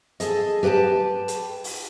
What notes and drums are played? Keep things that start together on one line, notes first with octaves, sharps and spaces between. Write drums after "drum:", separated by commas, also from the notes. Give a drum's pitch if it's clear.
G#4 A4 D#5, drum: hi-hat
G4 B4 F#5 G5 A5
drum: hi-hat
drum: open hi-hat